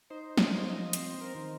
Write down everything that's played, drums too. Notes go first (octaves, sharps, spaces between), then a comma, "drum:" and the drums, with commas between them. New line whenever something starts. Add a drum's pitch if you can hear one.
D#4 C5
C5, drum: snare
F3
D#5
C4 C5, drum: hi-hat
A#4
D#3